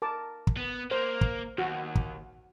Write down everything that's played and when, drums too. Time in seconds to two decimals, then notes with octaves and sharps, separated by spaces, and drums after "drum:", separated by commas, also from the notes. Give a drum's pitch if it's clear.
0.02 A#4 A5 D6
0.47 drum: kick
0.57 B3
0.91 A#3 C5
1.21 drum: kick
1.58 D#2 F#4
1.95 drum: kick